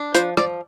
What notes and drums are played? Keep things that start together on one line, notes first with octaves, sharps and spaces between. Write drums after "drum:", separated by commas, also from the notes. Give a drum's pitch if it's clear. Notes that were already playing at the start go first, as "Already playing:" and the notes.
Already playing: D4
F3 C5, drum: hi-hat
F3 D5, drum: rim click